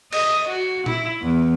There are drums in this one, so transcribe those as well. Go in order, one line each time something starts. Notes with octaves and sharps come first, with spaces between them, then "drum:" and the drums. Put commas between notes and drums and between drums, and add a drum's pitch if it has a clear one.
D#5, drum: cymbal
F#4
E4, drum: tom A#2
E2